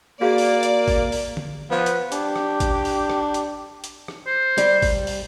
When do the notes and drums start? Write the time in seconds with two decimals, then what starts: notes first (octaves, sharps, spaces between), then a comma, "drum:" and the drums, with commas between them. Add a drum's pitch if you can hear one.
0.21 A#3 F#4 G#4 D5 F5
0.38 drum: open hi-hat
0.63 drum: hi-hat
0.88 drum: kick G#1, open hi-hat
1.12 drum: open hi-hat
1.37 drum: tom D3
1.71 F3 B3
1.86 drum: hi-hat
2.12 D4 G4, drum: hi-hat
2.36 drum: rim click
2.60 drum: kick G#1, hi-hat
2.73 D4
2.85 drum: open hi-hat
3.10 drum: rim click
3.34 drum: hi-hat
3.84 drum: hi-hat
4.08 drum: rim click
4.27 C5
4.58 G3, drum: hi-hat
4.82 drum: kick G#1, open hi-hat
5.07 drum: open hi-hat